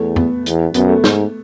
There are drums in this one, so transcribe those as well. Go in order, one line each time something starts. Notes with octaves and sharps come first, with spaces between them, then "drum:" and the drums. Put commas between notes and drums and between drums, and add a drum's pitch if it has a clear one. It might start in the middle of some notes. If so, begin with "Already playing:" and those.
Already playing: E2 A3
B3, drum: tom E2
E2, drum: hi-hat
F#2 B3, drum: hi-hat
A3
G#2 A3, drum: snare